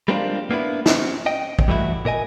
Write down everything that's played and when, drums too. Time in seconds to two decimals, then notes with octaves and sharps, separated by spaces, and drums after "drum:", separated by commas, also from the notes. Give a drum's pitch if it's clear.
0.08 G3 G#3 A#3 C4 D4 F4
0.51 A#3 B3 D4 E4
0.86 C4 C#4, drum: snare
1.26 D#5 G5
1.59 drum: kick
1.68 G2 E3 A3 D#4 E4 F#4
2.05 A#2 A#4 D#5 G#5